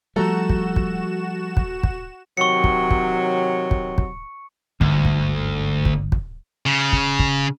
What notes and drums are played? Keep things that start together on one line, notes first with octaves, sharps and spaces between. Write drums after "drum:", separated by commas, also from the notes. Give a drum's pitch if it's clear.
F3 G3 A3 F#4 A4 A#5 E7
drum: kick
drum: kick
drum: kick
drum: kick
C3 D#3 F#3 C#6 C#7
drum: kick
drum: kick
drum: kick
drum: kick
G1 D2 G#2, drum: kick
drum: kick
drum: kick
drum: kick
C#3
drum: kick
drum: kick